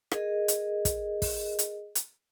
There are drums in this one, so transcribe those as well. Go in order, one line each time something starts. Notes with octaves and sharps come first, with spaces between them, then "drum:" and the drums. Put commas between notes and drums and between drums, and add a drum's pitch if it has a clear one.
G#4 A#4 D#5, drum: rim click
drum: hi-hat
drum: kick, hi-hat
drum: kick, open hi-hat
drum: hi-hat
drum: hi-hat